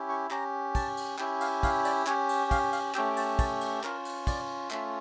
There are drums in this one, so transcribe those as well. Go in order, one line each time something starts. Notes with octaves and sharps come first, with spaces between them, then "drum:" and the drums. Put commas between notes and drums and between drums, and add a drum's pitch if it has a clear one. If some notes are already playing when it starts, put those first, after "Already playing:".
Already playing: C#4 E4 G4
C#6
C#4 G4 A#5, drum: clap
A5, drum: kick, cymbal
drum: cymbal
C#4 E4 G4 G5, drum: clap
F5, drum: cymbal
F5, drum: kick, cymbal
D5, drum: cymbal
C#4 G4 C#5, drum: clap
drum: cymbal
F5, drum: kick, cymbal
F5, drum: cymbal
A3 C#4 G4 G5, drum: clap
G5
A5, drum: cymbal
A5, drum: kick, cymbal
drum: cymbal
C#4 F4 A#4, drum: clap
drum: cymbal
D5, drum: kick, cymbal
A3 C#4 F4 E5, drum: clap